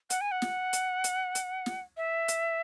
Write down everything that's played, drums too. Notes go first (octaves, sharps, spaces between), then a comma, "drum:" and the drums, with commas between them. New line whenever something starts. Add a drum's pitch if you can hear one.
F#5, drum: hi-hat
G#5
F#5
drum: snare
drum: hi-hat
drum: hi-hat
drum: hi-hat
drum: snare
E5
drum: hi-hat